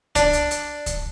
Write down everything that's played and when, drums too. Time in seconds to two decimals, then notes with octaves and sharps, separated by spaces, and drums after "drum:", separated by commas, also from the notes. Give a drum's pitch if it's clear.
0.15 D4, drum: kick C2, hi-hat
0.33 drum: hi-hat
0.51 drum: hi-hat
0.86 drum: kick C2, hi-hat